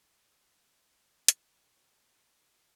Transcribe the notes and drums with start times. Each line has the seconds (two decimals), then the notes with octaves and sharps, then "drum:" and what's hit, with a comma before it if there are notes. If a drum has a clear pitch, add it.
0.23 C4 A4 D#5
1.28 G2 A#2 E4 F#4 F5, drum: hi-hat
1.76 F#4 C#5